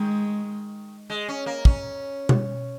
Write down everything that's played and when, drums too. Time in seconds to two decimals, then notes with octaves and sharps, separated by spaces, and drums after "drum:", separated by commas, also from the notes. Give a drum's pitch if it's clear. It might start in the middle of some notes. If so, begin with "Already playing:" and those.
Already playing: D#3 G#3
1.10 G#3
1.28 C#4
1.46 A#3
1.65 C#4, drum: kick
2.29 drum: tom B2